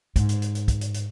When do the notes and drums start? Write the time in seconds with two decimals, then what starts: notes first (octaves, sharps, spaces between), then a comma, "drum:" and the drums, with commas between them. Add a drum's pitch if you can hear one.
0.16 G#2, drum: kick, hi-hat
0.29 drum: hi-hat
0.42 drum: hi-hat
0.55 drum: hi-hat
0.68 drum: kick, hi-hat
0.81 drum: hi-hat
0.94 drum: hi-hat